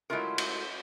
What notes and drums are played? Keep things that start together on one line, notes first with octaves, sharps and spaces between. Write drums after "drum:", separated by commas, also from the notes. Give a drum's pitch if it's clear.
F#3 G#3 A3 E4 F4 A#4
drum: cymbal